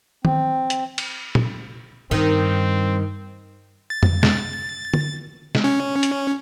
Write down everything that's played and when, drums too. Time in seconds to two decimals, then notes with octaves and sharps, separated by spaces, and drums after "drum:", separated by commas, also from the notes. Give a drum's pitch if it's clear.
0.25 C4, drum: tom D#3
0.70 drum: hi-hat
0.98 drum: cymbal
1.35 drum: tom A#2
2.11 G2 D#3 C4
3.90 A6
4.03 drum: tom F2
4.23 drum: snare
4.94 drum: tom D3
5.55 drum: snare
5.64 C#4
6.03 drum: hi-hat